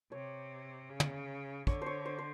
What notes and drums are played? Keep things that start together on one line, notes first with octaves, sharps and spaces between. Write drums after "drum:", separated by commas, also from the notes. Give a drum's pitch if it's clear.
C3 C#5
C#3
drum: tom
D3 C#5, drum: kick
C5 C#5
C5
C5